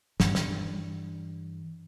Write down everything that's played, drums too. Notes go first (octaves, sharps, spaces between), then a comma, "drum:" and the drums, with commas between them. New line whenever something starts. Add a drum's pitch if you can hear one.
G2 E3, drum: snare
drum: snare